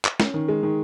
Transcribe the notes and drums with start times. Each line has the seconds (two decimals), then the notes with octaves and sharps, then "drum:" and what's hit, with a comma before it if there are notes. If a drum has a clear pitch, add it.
0.05 drum: clap
0.20 C#4, drum: snare
0.34 D#3
0.48 G#3
0.63 D#3